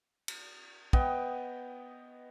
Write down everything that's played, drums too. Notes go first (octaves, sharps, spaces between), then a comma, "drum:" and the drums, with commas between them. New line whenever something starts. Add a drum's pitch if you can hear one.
drum: cymbal
B3 D#5 G5, drum: kick